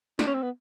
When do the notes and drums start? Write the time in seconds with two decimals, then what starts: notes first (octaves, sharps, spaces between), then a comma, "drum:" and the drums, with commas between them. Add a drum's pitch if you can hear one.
0.19 D4, drum: snare
0.27 C#4
0.34 C4
0.42 B3